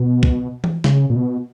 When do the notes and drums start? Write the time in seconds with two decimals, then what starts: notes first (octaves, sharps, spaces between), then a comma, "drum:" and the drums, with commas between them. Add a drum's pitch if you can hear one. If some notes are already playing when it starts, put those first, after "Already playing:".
Already playing: B2
0.23 drum: kick
0.64 drum: tom E3
0.84 C#3, drum: snare
1.10 A#2
1.15 B2